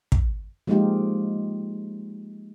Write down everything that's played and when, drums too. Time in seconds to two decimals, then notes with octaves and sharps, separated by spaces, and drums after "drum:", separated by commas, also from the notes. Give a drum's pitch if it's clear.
0.12 drum: kick
0.67 F3 G#3 A#3 D#4 F4 G4